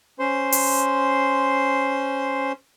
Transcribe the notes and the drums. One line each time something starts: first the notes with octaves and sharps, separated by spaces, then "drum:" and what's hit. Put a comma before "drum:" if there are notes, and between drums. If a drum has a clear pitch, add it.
C#4 C5 C6
drum: open hi-hat